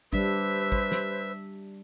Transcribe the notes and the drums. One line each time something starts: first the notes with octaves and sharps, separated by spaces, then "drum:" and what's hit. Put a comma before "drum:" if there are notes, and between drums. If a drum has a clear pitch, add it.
G3 D4 B4 C5 E5 E6, drum: kick
drum: kick
drum: snare